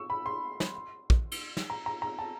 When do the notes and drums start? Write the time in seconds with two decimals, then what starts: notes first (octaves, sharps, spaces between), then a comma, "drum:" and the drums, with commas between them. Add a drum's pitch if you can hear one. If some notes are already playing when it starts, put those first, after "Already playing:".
Already playing: C#6 E6
0.10 B5
0.26 C6
0.60 drum: snare
1.10 drum: kick
1.32 drum: cymbal
1.57 drum: snare
1.70 A#5
1.86 A#5
2.02 A#5
2.19 A5